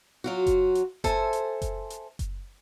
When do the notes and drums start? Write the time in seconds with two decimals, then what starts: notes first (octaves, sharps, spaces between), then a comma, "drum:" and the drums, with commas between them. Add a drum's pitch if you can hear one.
0.24 F#3 F4 F#4
0.46 drum: kick F#1, hi-hat
0.75 drum: hi-hat
1.04 A4 C5 E5 G#5, drum: kick F#1, hi-hat
1.33 drum: hi-hat
1.62 drum: kick F#1, hi-hat
1.90 drum: hi-hat
2.19 drum: kick F#1, hi-hat